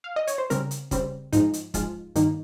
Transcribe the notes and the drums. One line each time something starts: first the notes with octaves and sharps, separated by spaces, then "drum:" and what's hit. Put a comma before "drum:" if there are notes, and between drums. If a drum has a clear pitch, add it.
F5
D#5
C#5, drum: hi-hat
C5
C#3 G3 C4 A#4, drum: hi-hat
drum: hi-hat
C#3 G3 C4, drum: kick, hi-hat
G#2 F3 G#3 D#4, drum: hi-hat
drum: hi-hat
G#2 F3 G#3 F4, drum: kick, hi-hat
G2 D#3 A#3 D#4, drum: hi-hat